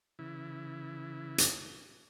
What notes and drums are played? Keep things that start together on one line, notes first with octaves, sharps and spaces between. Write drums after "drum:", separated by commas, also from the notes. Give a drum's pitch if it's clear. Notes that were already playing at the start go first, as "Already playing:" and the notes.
C#3 E3 E4
drum: hi-hat